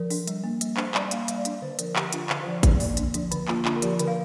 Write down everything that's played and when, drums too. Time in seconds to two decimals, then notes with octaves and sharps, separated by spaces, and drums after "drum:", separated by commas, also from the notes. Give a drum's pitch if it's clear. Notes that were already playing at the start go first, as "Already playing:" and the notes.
Already playing: F3 A#4
0.10 D4, drum: open hi-hat
0.27 G3, drum: hi-hat
0.44 A#3
0.61 G3, drum: hi-hat
0.77 D4 C5, drum: clap
0.94 G3 D5, drum: clap
1.11 A#3 F5, drum: hi-hat
1.28 G3 F5, drum: hi-hat
1.38 D5
1.45 D4 F5, drum: hi-hat
1.62 D3 C5
1.79 F3 A#4, drum: hi-hat
1.96 D3 G4, drum: clap
2.13 D4 F4, drum: hi-hat
2.30 D3 F5, drum: clap
2.41 C5
2.47 F3 D5
2.63 D3 D5, drum: kick G#1, hi-hat
2.80 A#3 D5, drum: open hi-hat
2.97 D4, drum: hi-hat
3.14 F3 D4, drum: hi-hat
3.32 D3, drum: hi-hat
3.48 A#3 F4, drum: clap
3.65 D4 F4, drum: clap
3.76 A#4
3.82 F3 G4, drum: hi-hat
3.99 D3 A#4, drum: hi-hat
4.07 F5